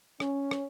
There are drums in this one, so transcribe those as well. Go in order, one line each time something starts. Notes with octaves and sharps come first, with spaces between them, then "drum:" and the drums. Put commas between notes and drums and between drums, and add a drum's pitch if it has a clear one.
C#4, drum: rim click
drum: rim click